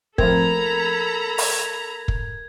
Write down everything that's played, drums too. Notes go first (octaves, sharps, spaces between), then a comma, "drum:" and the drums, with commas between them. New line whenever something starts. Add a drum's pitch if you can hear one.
F3 A3 C4 A4 A#4 A#5 B5 G#6, drum: kick
drum: open hi-hat
drum: kick